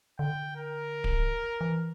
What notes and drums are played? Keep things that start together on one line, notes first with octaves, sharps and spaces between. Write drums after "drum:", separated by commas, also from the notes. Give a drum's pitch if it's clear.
D3 G5
A#4
drum: kick D1
E3